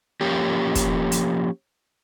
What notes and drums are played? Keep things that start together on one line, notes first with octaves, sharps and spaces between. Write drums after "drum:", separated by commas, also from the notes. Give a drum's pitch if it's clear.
F3 A#3 C#4 G4
drum: kick, hi-hat
drum: hi-hat